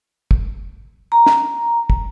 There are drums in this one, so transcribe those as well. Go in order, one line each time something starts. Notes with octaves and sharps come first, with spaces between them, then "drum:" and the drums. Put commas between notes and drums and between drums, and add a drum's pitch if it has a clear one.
drum: kick
A#5
drum: snare
drum: kick